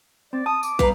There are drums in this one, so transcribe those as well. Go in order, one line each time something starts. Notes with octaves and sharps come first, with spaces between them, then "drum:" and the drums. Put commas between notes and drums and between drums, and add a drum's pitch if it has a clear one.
C4 D5
A5 D#6
D6, drum: tambourine
B2 G3 B4 F5 A#5, drum: kick